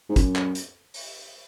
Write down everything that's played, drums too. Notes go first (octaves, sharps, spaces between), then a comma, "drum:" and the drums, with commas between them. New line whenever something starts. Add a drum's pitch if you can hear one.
G#2
F#2, drum: kick, hi-hat
drum: clap
drum: hi-hat
drum: open hi-hat